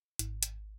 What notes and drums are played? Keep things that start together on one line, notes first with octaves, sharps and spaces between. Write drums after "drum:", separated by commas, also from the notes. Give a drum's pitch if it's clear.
G#1, drum: hi-hat
drum: hi-hat